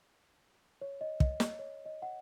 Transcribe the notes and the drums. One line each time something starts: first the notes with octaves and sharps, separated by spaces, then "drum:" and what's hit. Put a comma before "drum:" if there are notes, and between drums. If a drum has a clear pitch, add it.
C#5
D#5
D#5, drum: kick
D#5, drum: snare
C#5
D#5
F#5